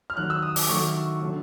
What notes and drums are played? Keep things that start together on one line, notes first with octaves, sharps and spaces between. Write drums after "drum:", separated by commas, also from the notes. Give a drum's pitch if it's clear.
F6
D#3 F#3 A3 F#6
E6
D#6
D6, drum: open hi-hat
D#3 F#3 A3 C#6
D3 F#3 A3